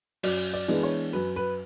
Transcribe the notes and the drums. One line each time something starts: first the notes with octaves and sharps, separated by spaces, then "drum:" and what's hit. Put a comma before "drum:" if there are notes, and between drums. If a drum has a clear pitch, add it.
F#2 D5, drum: cymbal
D5
E3 G#3 B3 D4
C#5
F#2 B4
B4